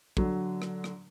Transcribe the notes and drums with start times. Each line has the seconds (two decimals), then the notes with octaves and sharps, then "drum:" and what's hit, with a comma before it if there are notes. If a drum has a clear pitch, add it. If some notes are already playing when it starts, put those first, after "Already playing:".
0.17 D3 F#3, drum: kick
0.62 drum: rim click
0.84 drum: rim click